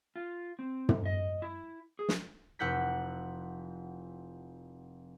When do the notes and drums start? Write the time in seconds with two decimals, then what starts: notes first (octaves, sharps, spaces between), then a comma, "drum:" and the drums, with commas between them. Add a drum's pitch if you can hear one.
0.16 F4
0.59 C4
0.89 drum: tom
1.05 D#5
1.42 E4
1.99 G#4
2.09 drum: snare
2.59 F1 E4 F#5 G6 B6